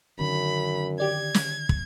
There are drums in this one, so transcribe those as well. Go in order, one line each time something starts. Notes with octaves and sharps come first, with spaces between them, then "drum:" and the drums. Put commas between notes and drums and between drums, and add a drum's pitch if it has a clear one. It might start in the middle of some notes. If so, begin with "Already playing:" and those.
F#2 D3 D#3 C#4 B5
G4 D5 G#6
drum: snare
drum: kick